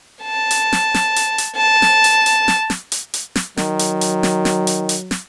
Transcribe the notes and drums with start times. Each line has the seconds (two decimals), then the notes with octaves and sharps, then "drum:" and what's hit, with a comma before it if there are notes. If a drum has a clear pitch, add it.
0.23 A5
0.51 drum: hi-hat
0.73 drum: snare
0.94 drum: snare
1.16 drum: hi-hat
1.38 drum: hi-hat
1.56 A5
1.82 drum: snare
2.04 drum: hi-hat
2.26 drum: hi-hat
2.48 drum: snare
2.70 drum: snare
2.92 drum: hi-hat
3.14 drum: hi-hat
3.35 drum: snare
3.57 D#3 F#3, drum: snare
3.79 drum: hi-hat
4.01 drum: hi-hat
4.23 drum: snare
4.45 drum: snare
4.67 drum: hi-hat
4.89 drum: hi-hat
5.11 drum: snare